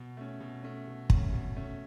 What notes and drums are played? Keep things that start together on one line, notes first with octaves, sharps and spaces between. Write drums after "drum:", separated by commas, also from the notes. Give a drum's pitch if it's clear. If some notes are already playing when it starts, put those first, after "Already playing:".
Already playing: B2
A3 C#4
B2
A3 C#4
B2
A3 C#4, drum: kick
B2
A3 C#4